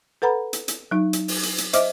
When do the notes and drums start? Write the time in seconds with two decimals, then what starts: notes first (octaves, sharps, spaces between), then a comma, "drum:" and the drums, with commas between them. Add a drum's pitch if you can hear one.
0.22 A4 B4 F#5 A#5 B5
0.53 drum: hi-hat
0.68 drum: hi-hat
0.91 F#3 D#4
1.13 drum: hi-hat
1.28 drum: open hi-hat
1.43 drum: hi-hat
1.58 drum: hi-hat
1.73 C5 D#5 E5 D6 F6, drum: hi-hat